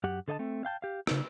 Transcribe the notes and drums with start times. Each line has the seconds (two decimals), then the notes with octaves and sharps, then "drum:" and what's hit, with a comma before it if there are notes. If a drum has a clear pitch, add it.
0.04 F#2 G4 F#5
0.28 D3 A4 D#5 E5 A5
0.39 A3 C4
0.65 F5 G5 A5
0.82 G4 F5
1.07 C#3 D#4, drum: rim click